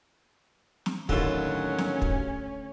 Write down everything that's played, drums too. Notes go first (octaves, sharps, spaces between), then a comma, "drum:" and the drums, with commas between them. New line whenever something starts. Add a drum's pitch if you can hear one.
drum: snare
D#2 A2 D3 F#3 C#4 F4 A5, drum: kick
drum: snare
drum: kick